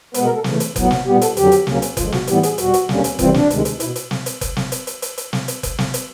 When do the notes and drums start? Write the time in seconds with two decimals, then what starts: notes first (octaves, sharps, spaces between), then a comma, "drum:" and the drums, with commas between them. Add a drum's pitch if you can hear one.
0.14 B2 G#3 B3 B4, drum: hi-hat
0.25 A#4
0.35 A4
0.44 C#3 E3 A3, drum: snare
0.60 drum: hi-hat
0.76 A2 F#3 B3, drum: kick F#1, hi-hat
0.91 drum: snare
1.06 A#2 G3 B3 G4
1.21 A4, drum: hi-hat
1.37 F2 D3 F#3 G4, drum: hi-hat
1.52 drum: hi-hat
1.67 D2 C#3 F#3 A#3 C#4, drum: snare
1.82 drum: hi-hat
1.97 F#2 D3 F3 G#3 F4, drum: kick F#1, hi-hat
2.12 F#4, drum: snare
2.27 A2 E3 G3 B3 G4, drum: hi-hat
2.43 G#4, drum: hi-hat
2.58 E2 B2 G3 F#4, drum: hi-hat
2.74 drum: hi-hat
2.89 D#2 D3 G3 A#3 C#4, drum: snare
3.04 drum: hi-hat
3.19 D2 C3 E3 G3 C4 F4, drum: kick F#1, hi-hat
3.34 D4, drum: snare
3.50 D2 C3 D#3 G#3, drum: hi-hat
3.65 drum: hi-hat
3.80 B2 E4, drum: hi-hat
3.96 drum: hi-hat
4.11 drum: snare
4.26 drum: hi-hat
4.41 drum: kick F#1, hi-hat
4.57 drum: snare
4.72 drum: hi-hat
4.87 drum: hi-hat
5.02 drum: hi-hat
5.18 drum: hi-hat
5.33 drum: snare
5.48 drum: hi-hat
5.63 drum: kick F#1, hi-hat
5.78 drum: snare
5.94 drum: hi-hat